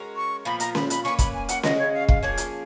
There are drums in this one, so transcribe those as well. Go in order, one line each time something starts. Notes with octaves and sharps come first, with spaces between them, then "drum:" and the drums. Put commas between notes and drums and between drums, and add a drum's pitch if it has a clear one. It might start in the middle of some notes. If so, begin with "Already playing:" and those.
Already playing: G#3 C#4 F#4 A#4
C#6
A#2 F3 B3 B5
A#5, drum: hi-hat
B5, drum: snare C#4
B5, drum: hi-hat
A#3 C#4 G#4 B4 C#6
B5, drum: kick, hi-hat
G#5
F#5, drum: hi-hat
C#3 G#3 C#4 F#4 D#5, drum: snare C#4
C#5
F5
F5, drum: kick
F3 A#3 C#4 G#4 C#5
drum: hi-hat